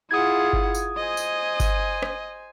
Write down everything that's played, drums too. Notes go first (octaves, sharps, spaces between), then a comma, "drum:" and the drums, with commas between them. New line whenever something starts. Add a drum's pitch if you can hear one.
E4 F4 G#4 F#5 D#6 G#6
drum: kick G1
drum: tambourine
C5 D#5 G#5
drum: tambourine
drum: kick G1, tambourine
drum: rim click